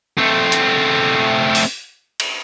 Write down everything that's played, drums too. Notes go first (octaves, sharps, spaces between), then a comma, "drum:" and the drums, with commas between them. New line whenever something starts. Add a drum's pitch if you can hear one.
A3 C4
drum: hi-hat
drum: open hi-hat
drum: cymbal